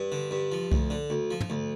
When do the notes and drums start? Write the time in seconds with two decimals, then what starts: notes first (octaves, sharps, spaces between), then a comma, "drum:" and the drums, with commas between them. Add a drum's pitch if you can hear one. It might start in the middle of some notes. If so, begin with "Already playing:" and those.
Already playing: G2
0.12 D3
0.31 G2
0.52 F3
0.72 D2, drum: kick C2
0.90 D3
1.10 D2
1.31 F3
1.40 drum: tom
1.50 D2